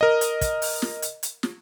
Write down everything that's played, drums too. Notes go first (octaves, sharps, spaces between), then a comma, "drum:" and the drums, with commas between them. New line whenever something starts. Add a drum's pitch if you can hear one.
A#4 D#5
drum: hi-hat
drum: kick, hi-hat
drum: open hi-hat
drum: snare
drum: hi-hat
drum: hi-hat
drum: snare